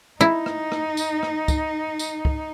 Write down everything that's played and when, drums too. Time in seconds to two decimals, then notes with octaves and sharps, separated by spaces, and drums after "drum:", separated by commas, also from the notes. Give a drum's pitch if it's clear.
0.21 D#4 E4
0.46 drum: rim click
0.72 drum: rim click
0.97 drum: tambourine
1.23 drum: rim click
1.48 drum: kick, tambourine
1.99 drum: tambourine
2.25 drum: kick